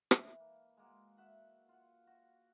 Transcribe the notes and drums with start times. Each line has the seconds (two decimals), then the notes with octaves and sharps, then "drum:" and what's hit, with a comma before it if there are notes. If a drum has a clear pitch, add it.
0.11 E3, drum: rim click
0.40 A#3
0.77 G#3 A#3 F#4
1.17 F#4 E5 F#5
1.69 F4 F#5
2.07 F#4